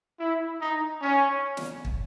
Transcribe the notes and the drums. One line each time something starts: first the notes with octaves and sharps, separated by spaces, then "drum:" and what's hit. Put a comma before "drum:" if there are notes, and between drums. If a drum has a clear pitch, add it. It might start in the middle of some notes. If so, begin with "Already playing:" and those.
E4
D#4
C#4
drum: snare
drum: kick